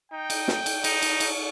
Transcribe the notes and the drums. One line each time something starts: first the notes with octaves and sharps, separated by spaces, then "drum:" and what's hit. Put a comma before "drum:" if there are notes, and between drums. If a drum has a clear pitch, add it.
D#4 G5
drum: cymbal
drum: snare
drum: cymbal
D#4, drum: cymbal
drum: cymbal
drum: cymbal